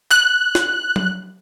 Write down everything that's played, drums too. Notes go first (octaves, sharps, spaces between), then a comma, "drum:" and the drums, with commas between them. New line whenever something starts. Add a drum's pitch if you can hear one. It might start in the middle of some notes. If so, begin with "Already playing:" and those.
F#6, drum: clap
drum: snare
drum: tom F#3